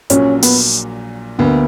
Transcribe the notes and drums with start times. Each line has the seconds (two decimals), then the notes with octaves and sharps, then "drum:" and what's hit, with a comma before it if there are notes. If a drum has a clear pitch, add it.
0.10 A#1 A#2 F#3 A#3 C#4, drum: hi-hat
0.42 B3, drum: open hi-hat
1.39 D2 D3 A#3 B3